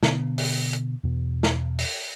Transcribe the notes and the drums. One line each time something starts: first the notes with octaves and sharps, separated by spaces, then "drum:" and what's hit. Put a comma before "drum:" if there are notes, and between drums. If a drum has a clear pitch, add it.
B2 D3 B3, drum: snare
drum: open hi-hat
drum: hi-hat
E2 B2
drum: snare
drum: open hi-hat